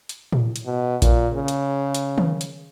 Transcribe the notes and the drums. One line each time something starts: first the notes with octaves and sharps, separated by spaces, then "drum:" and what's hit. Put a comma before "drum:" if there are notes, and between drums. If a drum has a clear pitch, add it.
drum: hi-hat
drum: tom A2
drum: hi-hat
B2
A#2, drum: kick A1, hi-hat
C#3
drum: hi-hat
drum: hi-hat
drum: tom D#3
drum: hi-hat